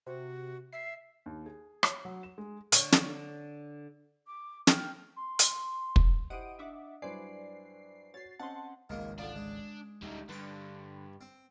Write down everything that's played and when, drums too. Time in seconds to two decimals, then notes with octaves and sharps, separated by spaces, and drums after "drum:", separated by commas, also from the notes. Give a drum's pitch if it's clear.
0.07 C3 F#4
0.73 E5 C7
1.26 D#2
1.46 G#4
1.83 C#5, drum: rim click
2.05 F#3
2.23 E7
2.38 G#3
2.72 D3 C#5, drum: hi-hat
2.92 drum: snare
4.28 D6
4.67 G5 F6, drum: snare
5.16 C6
5.39 drum: hi-hat
5.96 drum: kick
6.30 E4 G4 C5 D#5 F#5 D#6 D7 D#7
6.59 D4 E5 F#5 D6
7.02 G2 F#3 E4 B4 C5 D5 G#5 C7
8.14 F#4 C#5 A6 C7
8.39 C4 C#4 D#5 F#5 A5 C6
8.90 G#1 C#2 D#3 G#3 A#3
9.19 D3 F3 D4
9.36 G#3
10.02 D2 G3 D#4
10.29 G2 D3 B4 G5
11.21 C4